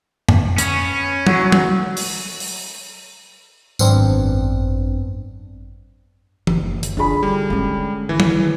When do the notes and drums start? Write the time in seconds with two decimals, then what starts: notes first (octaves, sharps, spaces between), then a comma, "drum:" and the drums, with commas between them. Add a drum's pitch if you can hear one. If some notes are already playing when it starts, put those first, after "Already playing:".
0.29 drum: tom F2
0.58 B3 C#4, drum: hi-hat
1.27 F#3 F#4 F#5, drum: tom
1.52 drum: tom
1.97 drum: open hi-hat
2.40 drum: open hi-hat
3.79 G#1 F#2 B3 C4 D4, drum: tambourine
6.47 F#1, drum: tom
6.83 drum: hi-hat
6.97 D3 D#4 F4 G#4 B5
7.23 G3
7.50 G#3 C#4
8.09 D#3 E3
8.20 drum: tom